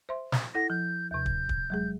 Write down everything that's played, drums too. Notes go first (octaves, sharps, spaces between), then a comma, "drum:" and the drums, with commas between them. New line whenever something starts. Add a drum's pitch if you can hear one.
C5 E5 C6
drum: snare
E4 A4 F#5 A#6
F3 G6
D#2 C3 G6
drum: kick
drum: kick
F#3 G#3 G#4